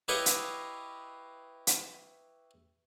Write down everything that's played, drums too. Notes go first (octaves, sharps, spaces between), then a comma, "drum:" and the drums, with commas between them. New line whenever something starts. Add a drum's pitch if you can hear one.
E4 G4 B4 C#5 D#5 F5
drum: hi-hat
drum: hi-hat